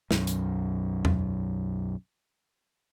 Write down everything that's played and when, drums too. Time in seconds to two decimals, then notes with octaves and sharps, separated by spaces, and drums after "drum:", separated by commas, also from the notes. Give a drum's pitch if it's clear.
0.11 B1 F#2, drum: snare
0.27 drum: hi-hat
1.05 drum: tom E2